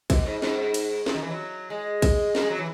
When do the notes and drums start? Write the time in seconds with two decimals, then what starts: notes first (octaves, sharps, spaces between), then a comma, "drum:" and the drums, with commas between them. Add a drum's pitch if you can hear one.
0.10 B2, drum: kick, cymbal
0.26 G#2
0.42 G#2, drum: snare
0.74 drum: cymbal
1.06 F#2, drum: snare
1.14 D#3
1.22 E3
1.30 F#3
1.70 G#3
2.02 drum: kick, cymbal
2.35 A#3, drum: snare
2.42 G#3
2.50 F#3
2.59 E3